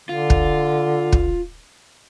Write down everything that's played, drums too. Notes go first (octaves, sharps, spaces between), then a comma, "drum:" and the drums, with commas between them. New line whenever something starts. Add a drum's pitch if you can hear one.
D3 F4
drum: kick
drum: kick